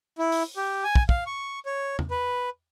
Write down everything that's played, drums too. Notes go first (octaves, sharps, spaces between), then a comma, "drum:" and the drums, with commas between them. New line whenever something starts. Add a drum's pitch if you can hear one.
E4
drum: open hi-hat
G4
G#5
drum: kick
F5, drum: kick
C#6
C#5
drum: tom E2
B4